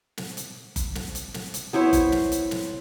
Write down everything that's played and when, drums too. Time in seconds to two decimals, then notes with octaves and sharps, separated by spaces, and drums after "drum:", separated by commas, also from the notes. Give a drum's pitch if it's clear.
0.17 drum: snare
0.37 drum: hi-hat
0.76 drum: kick F#1, hi-hat
0.95 drum: snare
1.15 drum: hi-hat
1.34 drum: snare
1.54 drum: hi-hat
1.73 B3 E4 C5 C#5
1.93 drum: kick F#1, hi-hat
2.12 drum: snare
2.32 drum: hi-hat
2.51 drum: snare